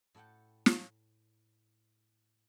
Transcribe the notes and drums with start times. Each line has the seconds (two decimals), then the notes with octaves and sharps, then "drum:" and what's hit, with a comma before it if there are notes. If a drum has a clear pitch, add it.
0.15 A2 A4 F#5 G5 A5
0.66 drum: snare